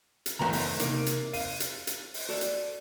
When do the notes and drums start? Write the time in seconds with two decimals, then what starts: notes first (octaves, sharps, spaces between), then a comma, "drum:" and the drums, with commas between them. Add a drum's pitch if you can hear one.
0.26 drum: hi-hat
0.39 F#1 C#3 E3 A3 B3 A#5
0.53 drum: open hi-hat
0.80 C3 A#3 D#4, drum: hi-hat
1.06 drum: hi-hat
1.33 F5 D#7, drum: open hi-hat
1.60 drum: hi-hat
1.87 drum: hi-hat
2.14 drum: open hi-hat
2.29 F#4 A4 D5
2.41 drum: hi-hat